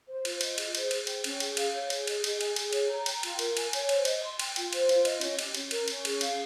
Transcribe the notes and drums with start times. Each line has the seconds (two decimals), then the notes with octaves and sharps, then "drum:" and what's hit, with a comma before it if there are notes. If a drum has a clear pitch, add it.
0.08 C5
0.25 F4, drum: cymbal
0.41 D#5, drum: cymbal
0.58 G#4, drum: cymbal
0.75 C5, drum: cymbal
0.91 G#4, drum: cymbal
1.07 G5, drum: cymbal
1.24 C#4, drum: cymbal
1.40 G#4, drum: cymbal
1.57 F5, drum: cymbal
1.73 C#5
1.90 G#4, drum: cymbal
2.07 D#5, drum: cymbal
2.24 G#4, drum: cymbal
2.41 G#5, drum: cymbal
2.56 G#4, drum: cymbal
2.73 C#5, drum: cymbal
2.89 A#5
3.06 G5, drum: cymbal
3.23 F4, drum: cymbal
3.39 A#4, drum: cymbal
3.57 G#5, drum: cymbal
3.73 C#5, drum: cymbal
3.89 C5, drum: cymbal
4.05 D#5, drum: cymbal
4.22 C6
4.39 G5, drum: cymbal
4.56 F4, drum: cymbal
4.73 C5, drum: cymbal
4.89 F4, drum: cymbal
5.05 D#5, drum: cymbal
5.21 C#4, drum: cymbal
5.39 G4, drum: cymbal
5.55 C#4, drum: cymbal
5.71 A#4, drum: cymbal
5.88 C#4, drum: cymbal
6.05 G#4, drum: cymbal
6.21 F5, drum: cymbal